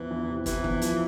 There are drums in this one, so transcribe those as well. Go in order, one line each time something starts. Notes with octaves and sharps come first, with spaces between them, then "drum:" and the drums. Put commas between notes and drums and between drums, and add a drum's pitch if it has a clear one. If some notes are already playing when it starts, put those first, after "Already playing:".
Already playing: E2 E3 F3
E2
C3
C3 E3, drum: kick, hi-hat
E2, drum: kick
F3, drum: hi-hat